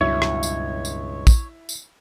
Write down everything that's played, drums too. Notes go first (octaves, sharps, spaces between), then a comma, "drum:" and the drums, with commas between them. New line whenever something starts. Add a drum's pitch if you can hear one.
C#2 G2 B2 F#3 E4 C#5
drum: rim click
drum: tambourine
drum: tambourine
drum: kick, tambourine
drum: tambourine